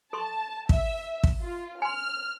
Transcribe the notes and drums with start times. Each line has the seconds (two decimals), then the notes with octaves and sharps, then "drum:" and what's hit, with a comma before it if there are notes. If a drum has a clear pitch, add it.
0.13 A4 A5 C6 C#6
0.69 E5, drum: kick
1.23 drum: kick
1.42 F4
1.82 G#5 C6 F6